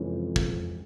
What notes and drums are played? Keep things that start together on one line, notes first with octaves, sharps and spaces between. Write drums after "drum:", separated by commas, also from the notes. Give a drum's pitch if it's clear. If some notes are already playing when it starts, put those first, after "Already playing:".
Already playing: F2 C3 E3 G#3 C#4
drum: kick